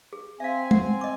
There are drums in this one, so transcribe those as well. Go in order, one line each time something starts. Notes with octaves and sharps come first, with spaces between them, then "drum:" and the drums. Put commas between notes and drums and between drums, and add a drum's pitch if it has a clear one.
G#4
C4 E5 F5 G#5
F#5, drum: tom
D#5 D6